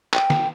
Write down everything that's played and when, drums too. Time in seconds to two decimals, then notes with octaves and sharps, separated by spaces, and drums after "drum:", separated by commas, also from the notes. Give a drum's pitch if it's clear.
0.14 G5, drum: clap
0.30 drum: snare